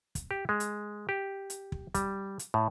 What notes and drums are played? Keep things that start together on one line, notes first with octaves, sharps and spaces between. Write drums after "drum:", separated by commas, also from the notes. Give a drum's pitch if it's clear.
drum: kick, hi-hat
G4
G#3
drum: hi-hat
G4
drum: hi-hat
drum: kick
G3, drum: kick, hi-hat
drum: hi-hat
A2